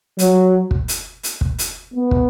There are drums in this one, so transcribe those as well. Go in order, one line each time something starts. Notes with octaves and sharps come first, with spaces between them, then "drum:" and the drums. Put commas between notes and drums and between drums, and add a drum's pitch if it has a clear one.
F#3, drum: hi-hat
drum: kick
drum: hi-hat
drum: hi-hat
drum: kick
drum: hi-hat
B3
drum: kick